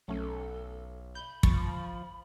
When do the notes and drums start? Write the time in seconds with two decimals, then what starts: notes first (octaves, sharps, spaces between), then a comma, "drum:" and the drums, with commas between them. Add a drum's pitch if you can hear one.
0.08 B1 F#3 A3 C#4 A4
1.15 B5 G6
1.43 F3 C#6 A6, drum: kick